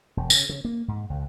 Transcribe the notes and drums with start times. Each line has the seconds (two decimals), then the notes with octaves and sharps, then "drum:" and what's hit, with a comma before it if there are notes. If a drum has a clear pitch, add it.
0.17 E1
0.30 C#3, drum: tambourine
0.49 C#3
0.65 A#3
0.88 G#2
1.10 C#2